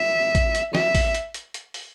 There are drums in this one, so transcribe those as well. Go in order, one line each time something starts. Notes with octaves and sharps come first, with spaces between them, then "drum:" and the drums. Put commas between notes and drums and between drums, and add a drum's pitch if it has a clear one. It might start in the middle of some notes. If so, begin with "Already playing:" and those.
Already playing: E5
drum: kick A1, hi-hat
drum: hi-hat
E5, drum: snare
drum: kick A1, open hi-hat
drum: hi-hat
drum: hi-hat
drum: hi-hat
drum: open hi-hat